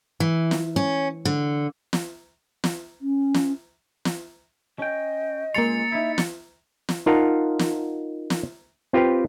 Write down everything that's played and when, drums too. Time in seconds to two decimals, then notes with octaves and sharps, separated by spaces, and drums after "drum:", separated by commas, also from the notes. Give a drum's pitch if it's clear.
0.20 E3
0.51 drum: snare
0.76 C#4
1.25 D3
1.93 drum: snare
2.64 drum: snare
3.01 C#4
3.34 drum: snare
4.05 drum: snare
4.79 C#4 D#5 G5
5.55 C#2 G#3 A#3 C6 A6 C#7 F7
5.92 D#4 E4 E5
6.18 drum: snare
6.89 drum: snare
7.06 D#4 F4 A#4 F5 F#5 A5
7.59 drum: snare
8.30 drum: snare
8.93 C4 F4 G4 B4 F5 G5